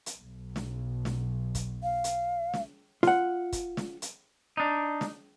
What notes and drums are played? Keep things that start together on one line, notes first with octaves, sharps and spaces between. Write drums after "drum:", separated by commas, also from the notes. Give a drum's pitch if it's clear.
drum: hi-hat
B1
drum: snare
drum: snare
drum: kick, hi-hat
F5
drum: hi-hat
drum: snare
F4 F#5, drum: snare
drum: kick, hi-hat
drum: snare
drum: hi-hat
D4 D#4
drum: snare